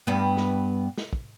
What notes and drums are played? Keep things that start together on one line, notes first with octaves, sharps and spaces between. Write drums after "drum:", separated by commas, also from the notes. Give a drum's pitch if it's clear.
G2 B3
drum: snare
drum: snare
drum: kick